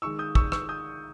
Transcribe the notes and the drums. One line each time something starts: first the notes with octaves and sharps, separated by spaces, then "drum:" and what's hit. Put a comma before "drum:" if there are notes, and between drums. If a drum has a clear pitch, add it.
D#3 G#3 D#4 C#6 E6
D#6 G6
C#6 E6, drum: kick
C#6 E6, drum: rim click
D#6 G6